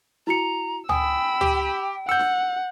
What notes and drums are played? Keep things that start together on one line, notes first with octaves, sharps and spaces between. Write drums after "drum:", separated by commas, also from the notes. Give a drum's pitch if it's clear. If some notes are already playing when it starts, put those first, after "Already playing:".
E4 F#4 A#5 C#7
G5 G#5 B5 D#6 E6, drum: tom C#2
G4, drum: tom C#2
F#5 E6 G6 C#7
drum: snare D4